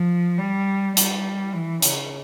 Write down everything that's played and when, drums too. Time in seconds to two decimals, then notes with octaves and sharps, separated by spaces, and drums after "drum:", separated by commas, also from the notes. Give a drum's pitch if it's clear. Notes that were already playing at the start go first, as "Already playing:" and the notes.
Already playing: F3
0.38 G3
0.97 G3, drum: hi-hat
1.53 E3
1.82 C#3, drum: hi-hat